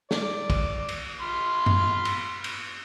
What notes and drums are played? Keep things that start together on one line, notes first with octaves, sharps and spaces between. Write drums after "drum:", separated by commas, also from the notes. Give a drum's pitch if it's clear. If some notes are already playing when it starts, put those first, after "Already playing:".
D5, drum: snare
drum: kick, cymbal
drum: cymbal
B5 C6 F6
drum: tom F#2
drum: cymbal
drum: cymbal